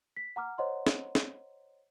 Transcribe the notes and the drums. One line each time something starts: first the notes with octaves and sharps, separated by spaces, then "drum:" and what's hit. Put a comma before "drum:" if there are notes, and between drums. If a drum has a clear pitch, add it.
B6
F#5 A#5 D6 F6
C5 C#5 D#5 F#5 A#5 C6
drum: snare
drum: snare